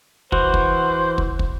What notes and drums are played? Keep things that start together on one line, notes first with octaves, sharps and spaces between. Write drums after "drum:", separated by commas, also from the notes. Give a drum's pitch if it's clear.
E3 F#4 C5, drum: kick
drum: kick
drum: kick
drum: kick